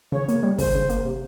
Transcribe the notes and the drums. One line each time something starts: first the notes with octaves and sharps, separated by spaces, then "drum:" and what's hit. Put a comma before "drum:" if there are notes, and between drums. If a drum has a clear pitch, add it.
C#3 C#5
A#3, drum: hi-hat
G3
C#3 C5, drum: kick, open hi-hat
C#3
A#3, drum: hi-hat
C3